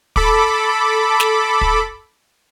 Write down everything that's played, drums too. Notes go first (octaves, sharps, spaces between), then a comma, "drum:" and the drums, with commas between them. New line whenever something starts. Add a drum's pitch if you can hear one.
A4 B5 D6, drum: kick
drum: snare
drum: kick